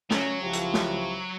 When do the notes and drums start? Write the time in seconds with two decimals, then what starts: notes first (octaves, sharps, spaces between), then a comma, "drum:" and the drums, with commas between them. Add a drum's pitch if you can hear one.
0.10 F#3 C#4, drum: snare
0.43 C#2 F3 E4 G4
0.53 drum: hi-hat
0.74 drum: snare